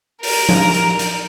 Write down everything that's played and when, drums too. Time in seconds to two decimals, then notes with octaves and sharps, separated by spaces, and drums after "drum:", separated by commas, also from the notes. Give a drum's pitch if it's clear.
0.23 A#4, drum: open hi-hat
0.49 drum: tom F3
0.74 drum: hi-hat
0.99 drum: hi-hat